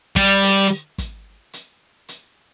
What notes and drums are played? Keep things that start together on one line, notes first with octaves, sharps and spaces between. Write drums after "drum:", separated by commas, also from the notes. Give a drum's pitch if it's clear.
G3, drum: kick
drum: open hi-hat
drum: kick, hi-hat
drum: hi-hat
drum: hi-hat